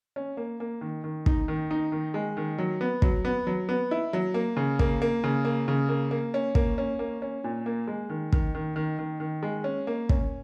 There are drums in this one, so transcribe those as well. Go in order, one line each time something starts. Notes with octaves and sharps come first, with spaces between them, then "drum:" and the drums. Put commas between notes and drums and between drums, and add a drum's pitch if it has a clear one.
C#4
A#3
A#3
D#3
D#3
D#4, drum: kick
D#3
D#4
D#3
G#3
D#3
F#3
B3
F#3, drum: kick
B3
F#3
B3
E4
F#3
A#3
C#3
A#3, drum: kick
A#3
C#3
A#3
C#3
A#3
A#3
C#4
A#3, drum: kick
C#4
A#3
C#4
A#2
A#3
G#3
D#3
D#3, drum: kick
D#3
D#3
D#3
D#3
G#3
C#4
A#3
C#4, drum: kick